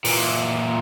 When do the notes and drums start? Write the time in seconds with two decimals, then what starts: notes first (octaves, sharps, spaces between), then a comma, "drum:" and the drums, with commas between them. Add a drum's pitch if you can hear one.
0.05 A#2 E3, drum: open hi-hat